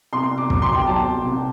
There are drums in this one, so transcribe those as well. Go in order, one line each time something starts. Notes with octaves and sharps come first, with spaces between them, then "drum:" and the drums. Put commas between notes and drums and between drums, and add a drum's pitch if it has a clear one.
C2 C6
D6
F#3, drum: kick
C6
G5
F#3 A5
C2